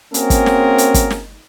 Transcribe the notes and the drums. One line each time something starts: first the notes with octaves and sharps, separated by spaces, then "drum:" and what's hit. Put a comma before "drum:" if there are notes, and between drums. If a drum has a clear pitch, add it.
A#3 C4 C#4 F#4 G#4 A#4, drum: hi-hat
drum: kick, hi-hat
drum: snare
drum: hi-hat
drum: kick, hi-hat
drum: snare